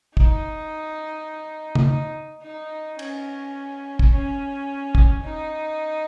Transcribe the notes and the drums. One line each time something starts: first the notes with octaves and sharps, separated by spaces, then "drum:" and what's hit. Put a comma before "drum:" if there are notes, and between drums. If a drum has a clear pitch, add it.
D#4, drum: kick
drum: tom
D#4
D#4
C#4, drum: cymbal
drum: kick
C#4
drum: kick
D#4